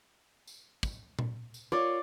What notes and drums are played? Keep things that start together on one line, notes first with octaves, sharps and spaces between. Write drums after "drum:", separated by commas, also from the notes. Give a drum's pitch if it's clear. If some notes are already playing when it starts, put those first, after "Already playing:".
drum: tambourine
drum: kick, tambourine
drum: tom A#2
drum: tambourine
F4 A#4 C#5 D5